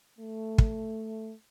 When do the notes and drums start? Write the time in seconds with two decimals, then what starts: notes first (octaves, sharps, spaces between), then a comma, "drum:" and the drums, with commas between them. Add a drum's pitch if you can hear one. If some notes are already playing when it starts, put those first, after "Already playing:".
0.18 A3
0.58 drum: kick